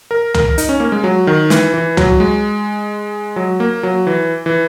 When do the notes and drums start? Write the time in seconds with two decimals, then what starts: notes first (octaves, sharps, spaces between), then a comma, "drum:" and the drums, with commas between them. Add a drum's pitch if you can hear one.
0.11 A#4
0.34 A#4, drum: tom
0.58 D#4, drum: hi-hat
0.69 C#4
0.80 A#3
0.92 G#3
1.04 F#3
1.27 D#3
1.50 E3, drum: snare
1.74 E3
1.97 F#3, drum: tom
2.20 G#3
3.36 F#3
3.60 A#3
3.83 F#3
4.07 E3
4.46 E3